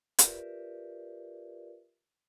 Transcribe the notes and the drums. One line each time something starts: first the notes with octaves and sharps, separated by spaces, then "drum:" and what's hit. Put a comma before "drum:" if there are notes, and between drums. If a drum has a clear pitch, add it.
F4 G4 A#4 B4 D5 E5, drum: hi-hat